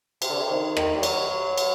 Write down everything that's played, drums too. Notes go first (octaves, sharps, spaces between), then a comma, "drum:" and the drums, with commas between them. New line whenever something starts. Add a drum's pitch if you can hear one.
C3, drum: cymbal
D3
C3
D#3
D#3, drum: rim click
G3
F#3, drum: cymbal
drum: cymbal